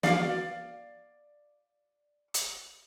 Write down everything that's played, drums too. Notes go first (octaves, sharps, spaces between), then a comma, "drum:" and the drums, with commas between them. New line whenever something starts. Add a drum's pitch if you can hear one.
D5 F5, drum: snare
drum: hi-hat